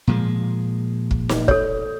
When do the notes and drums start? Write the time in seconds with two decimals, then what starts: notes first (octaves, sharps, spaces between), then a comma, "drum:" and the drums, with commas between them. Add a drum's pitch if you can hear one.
0.07 A#2 F3 G#3
1.11 drum: kick
1.29 drum: snare
1.48 A4 C#5, drum: kick